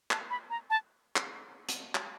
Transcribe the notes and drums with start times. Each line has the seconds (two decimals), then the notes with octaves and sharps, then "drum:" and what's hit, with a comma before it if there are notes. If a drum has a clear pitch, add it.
0.11 A5, drum: clap
0.30 B5
0.50 A#5
0.70 A5
1.16 drum: clap
1.69 drum: hi-hat
1.95 drum: clap